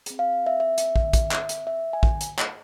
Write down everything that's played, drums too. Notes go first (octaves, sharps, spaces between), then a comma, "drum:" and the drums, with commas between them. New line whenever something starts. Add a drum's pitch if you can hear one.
C4 G#4, drum: hi-hat
F5
E5
E5
drum: hi-hat
drum: kick
drum: kick, hi-hat
drum: clap
drum: hi-hat
E5
G#5
drum: kick
drum: hi-hat
drum: clap